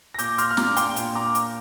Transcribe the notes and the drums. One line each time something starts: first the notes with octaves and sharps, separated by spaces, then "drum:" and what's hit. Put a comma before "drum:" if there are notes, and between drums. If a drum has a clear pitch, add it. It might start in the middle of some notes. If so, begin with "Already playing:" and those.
A#6
A#2 D6 G6, drum: hi-hat
C6 F6, drum: hi-hat
F6
D4 A#5 D6, drum: snare
G5 C6, drum: hi-hat
A#2, drum: hi-hat
A#5 D6
drum: hi-hat